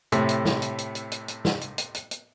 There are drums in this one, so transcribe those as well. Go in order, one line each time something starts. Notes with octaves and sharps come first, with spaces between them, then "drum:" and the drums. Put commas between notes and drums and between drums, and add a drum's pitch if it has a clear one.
A2 C3 A3, drum: hi-hat
drum: hi-hat
drum: snare
drum: hi-hat
drum: hi-hat
drum: hi-hat
drum: hi-hat
drum: hi-hat
drum: snare
drum: hi-hat
drum: hi-hat
drum: hi-hat
drum: hi-hat